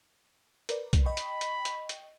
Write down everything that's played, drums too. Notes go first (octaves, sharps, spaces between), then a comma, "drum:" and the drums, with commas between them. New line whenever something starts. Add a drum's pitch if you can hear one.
A#4 B4 D5, drum: hi-hat
drum: kick, hi-hat
D#5 G5 B5 C#6
drum: hi-hat
drum: hi-hat
drum: hi-hat
drum: hi-hat